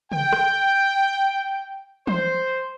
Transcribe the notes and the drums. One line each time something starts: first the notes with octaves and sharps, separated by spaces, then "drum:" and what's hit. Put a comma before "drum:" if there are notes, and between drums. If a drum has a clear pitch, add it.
G5, drum: tom
drum: rim click
C5, drum: tom